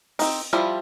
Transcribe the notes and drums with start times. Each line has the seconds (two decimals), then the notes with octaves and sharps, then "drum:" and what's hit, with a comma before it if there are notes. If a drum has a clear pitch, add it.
0.19 C4 D#4, drum: open hi-hat
0.53 F3 G3 E4 F4